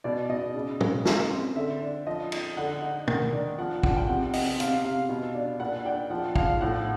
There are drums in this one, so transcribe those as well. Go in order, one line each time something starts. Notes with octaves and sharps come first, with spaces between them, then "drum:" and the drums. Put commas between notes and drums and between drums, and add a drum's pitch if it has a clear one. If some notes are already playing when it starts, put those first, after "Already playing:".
B2 D5
B2 D#5
C#3
C#3, drum: tom
C#3, drum: snare
C4
D3 E5
D4
F3 D#5
D#4, drum: cymbal
D3 F#5
D#4
D#3, drum: tom
D4
F3 F#5
F3 F#5, drum: kick
G5
C3 F#5
C3 D#5, drum: open hi-hat
C3 F5, drum: hi-hat
C3 F5
B2
D4
A#2 F#5
D4 G5
F3 F#5
F3 F5, drum: kick
A2 F#5